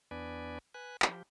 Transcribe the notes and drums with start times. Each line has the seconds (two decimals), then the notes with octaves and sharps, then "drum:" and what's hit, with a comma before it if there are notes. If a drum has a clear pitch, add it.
0.11 E2 B3 D4 B4 D5 G#5
0.74 B4 G#5 F#6
1.02 F3 G4, drum: clap